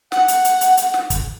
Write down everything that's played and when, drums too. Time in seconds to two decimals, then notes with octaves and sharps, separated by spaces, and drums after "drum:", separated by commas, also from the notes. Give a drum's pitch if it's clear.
0.12 F#5, drum: snare
0.28 drum: hi-hat
0.45 drum: hi-hat
0.61 drum: hi-hat
0.77 drum: hi-hat
0.94 drum: snare
1.10 drum: kick, hi-hat